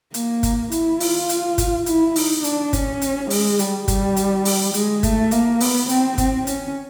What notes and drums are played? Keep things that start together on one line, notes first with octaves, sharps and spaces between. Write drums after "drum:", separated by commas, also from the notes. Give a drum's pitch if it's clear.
A#3, drum: hi-hat
drum: kick, hi-hat
E4, drum: hi-hat
F4, drum: open hi-hat
drum: hi-hat
drum: kick, hi-hat
E4, drum: hi-hat
D#4, drum: open hi-hat
D4, drum: hi-hat
C#4, drum: kick, hi-hat
drum: hi-hat
G#3, drum: open hi-hat
G3, drum: hi-hat
G3, drum: kick, hi-hat
drum: hi-hat
drum: open hi-hat
G#3, drum: hi-hat
A3, drum: kick, hi-hat
A#3, drum: hi-hat
B3, drum: open hi-hat
C4, drum: hi-hat
C4, drum: kick, hi-hat
C#4, drum: hi-hat